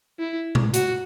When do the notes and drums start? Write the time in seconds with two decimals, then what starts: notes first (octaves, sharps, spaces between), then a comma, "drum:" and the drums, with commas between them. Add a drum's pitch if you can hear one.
0.19 E4
0.55 drum: tom A#2
0.74 F#4, drum: hi-hat